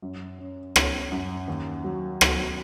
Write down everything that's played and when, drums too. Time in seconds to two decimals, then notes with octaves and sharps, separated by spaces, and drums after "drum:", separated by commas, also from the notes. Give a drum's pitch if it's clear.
0.02 F#2
0.38 C#4
0.76 C#4, drum: rim click
1.12 F#2
1.48 D#2
1.84 F#3
2.21 F#3, drum: rim click